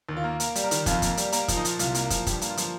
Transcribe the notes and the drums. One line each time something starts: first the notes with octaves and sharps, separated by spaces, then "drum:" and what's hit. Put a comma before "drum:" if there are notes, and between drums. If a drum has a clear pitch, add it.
D#2
F4
A#3
A#3 A#4, drum: hi-hat
G3, drum: hi-hat
A#4
D#3, drum: hi-hat
F2 F4, drum: kick, hi-hat
A#3, drum: kick, hi-hat
G3, drum: hi-hat
A#3 A#4, drum: hi-hat
F3, drum: kick, hi-hat
D#4
A#2, drum: hi-hat
C2 F4, drum: hi-hat
A#3, drum: hi-hat
F3, drum: kick, hi-hat
G2 G4, drum: kick, hi-hat
A#3, drum: hi-hat
F4
F3, drum: hi-hat